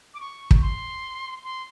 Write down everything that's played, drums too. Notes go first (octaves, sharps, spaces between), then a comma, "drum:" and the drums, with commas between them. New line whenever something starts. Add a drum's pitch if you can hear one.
D6
C#6
drum: kick
C6
C6